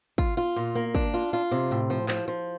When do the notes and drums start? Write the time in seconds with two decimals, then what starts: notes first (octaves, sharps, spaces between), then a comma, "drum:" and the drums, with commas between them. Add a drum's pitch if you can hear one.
0.18 F4, drum: kick
0.37 F4
0.56 A#2
0.75 A#3
0.95 D4, drum: kick
1.14 F4
1.33 F4
1.51 C3
1.71 A2
1.90 F3
2.09 F3, drum: clap
2.28 F3